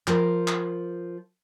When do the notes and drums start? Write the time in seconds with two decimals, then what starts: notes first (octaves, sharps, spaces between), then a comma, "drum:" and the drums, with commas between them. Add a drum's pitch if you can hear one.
0.07 F3 A#4, drum: clap
0.48 drum: clap